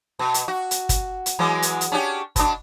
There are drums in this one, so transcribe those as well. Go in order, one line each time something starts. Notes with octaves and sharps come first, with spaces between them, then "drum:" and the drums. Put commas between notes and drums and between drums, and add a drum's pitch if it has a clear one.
B2
drum: hi-hat
F#4
drum: hi-hat
drum: kick, hi-hat
drum: hi-hat
E3 F#3 G#3
drum: hi-hat
drum: hi-hat
C#4 D4 G4
B2 D4, drum: kick, hi-hat